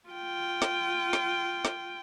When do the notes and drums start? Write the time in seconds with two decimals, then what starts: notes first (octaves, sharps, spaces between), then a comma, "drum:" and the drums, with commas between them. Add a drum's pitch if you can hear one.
0.10 F4 G5
0.62 drum: snare
1.13 drum: snare
1.65 drum: snare